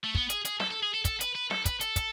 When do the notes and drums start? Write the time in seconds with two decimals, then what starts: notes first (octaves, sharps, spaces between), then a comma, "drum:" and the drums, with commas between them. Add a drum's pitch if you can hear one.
0.04 A3
0.15 B3, drum: kick
0.30 G#4, drum: hi-hat
0.45 G#4, drum: hi-hat
0.60 A4, drum: snare
0.71 A4
0.83 G#4
0.94 A4
1.05 A4, drum: kick, hi-hat
1.21 B4, drum: hi-hat
1.36 B4
1.51 A4, drum: snare
1.66 B4, drum: kick, hi-hat
1.81 A4, drum: hi-hat
1.96 drum: kick, hi-hat